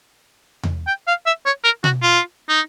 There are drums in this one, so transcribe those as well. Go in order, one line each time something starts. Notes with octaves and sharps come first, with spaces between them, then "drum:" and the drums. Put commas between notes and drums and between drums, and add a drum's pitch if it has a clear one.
drum: tom E2
G5
F5
E5
C#5
A#4
F#4, drum: tom B2
F4
D#4